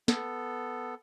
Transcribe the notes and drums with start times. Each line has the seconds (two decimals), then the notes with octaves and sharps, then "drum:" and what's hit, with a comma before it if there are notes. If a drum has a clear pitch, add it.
0.08 B3 A4, drum: snare